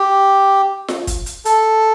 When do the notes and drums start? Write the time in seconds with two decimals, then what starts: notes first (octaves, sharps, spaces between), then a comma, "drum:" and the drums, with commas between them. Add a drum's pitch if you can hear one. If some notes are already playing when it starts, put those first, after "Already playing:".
Already playing: G4
0.88 drum: snare F4
1.07 drum: kick, hi-hat
1.26 drum: hi-hat
1.45 A4, drum: hi-hat